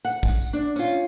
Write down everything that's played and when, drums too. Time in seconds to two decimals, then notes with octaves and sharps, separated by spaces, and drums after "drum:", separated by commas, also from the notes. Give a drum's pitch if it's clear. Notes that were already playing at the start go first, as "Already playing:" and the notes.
0.05 F#5, drum: tambourine
0.23 drum: kick, tambourine
0.42 drum: tambourine
0.53 D4
0.76 C#4 F4, drum: tambourine